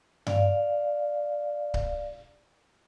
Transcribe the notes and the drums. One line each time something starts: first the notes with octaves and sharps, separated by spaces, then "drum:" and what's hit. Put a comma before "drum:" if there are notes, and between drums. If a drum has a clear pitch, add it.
D5 F5, drum: tom G2
drum: kick C#1